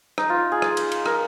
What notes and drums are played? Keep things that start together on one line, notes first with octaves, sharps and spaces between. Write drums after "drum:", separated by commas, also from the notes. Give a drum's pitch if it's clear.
D#4, drum: rim click
F4
G#4
drum: rim click
drum: cymbal
drum: cymbal
A#4, drum: rim click